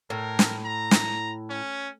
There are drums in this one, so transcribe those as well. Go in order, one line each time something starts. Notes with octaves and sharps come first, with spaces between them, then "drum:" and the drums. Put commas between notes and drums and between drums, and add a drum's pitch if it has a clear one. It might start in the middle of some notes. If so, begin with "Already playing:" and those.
A2 A#4
drum: snare
A#5
drum: snare
C#4